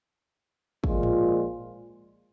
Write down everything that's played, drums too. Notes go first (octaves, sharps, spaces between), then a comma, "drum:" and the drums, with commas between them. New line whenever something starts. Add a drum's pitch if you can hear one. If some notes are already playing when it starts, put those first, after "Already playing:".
A#2 F3 G#3 F4, drum: kick
drum: tom G#2